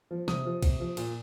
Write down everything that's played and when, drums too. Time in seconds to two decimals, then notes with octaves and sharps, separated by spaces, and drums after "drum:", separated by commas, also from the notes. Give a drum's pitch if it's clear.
0.11 F3
0.28 C3 D#6, drum: snare
0.45 F3
0.63 C3, drum: kick, cymbal
0.80 F3
0.97 A#2, drum: cymbal